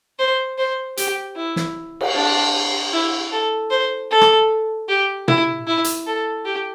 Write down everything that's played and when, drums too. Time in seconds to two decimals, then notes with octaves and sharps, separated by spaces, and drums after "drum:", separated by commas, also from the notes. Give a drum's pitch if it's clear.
0.19 C5
0.58 C5
0.97 G4, drum: hi-hat
1.36 E4
1.56 drum: snare
2.01 drum: cymbal
2.15 D4
2.93 E4
3.32 A4
3.71 C5
4.11 A4
4.21 drum: rim click
4.88 G4
5.28 E4, drum: tom A#2
5.67 E4
5.84 drum: hi-hat
6.07 A4
6.45 G4